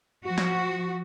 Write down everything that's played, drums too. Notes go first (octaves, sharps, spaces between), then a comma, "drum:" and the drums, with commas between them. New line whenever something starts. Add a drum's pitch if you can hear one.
F3 F#4
drum: snare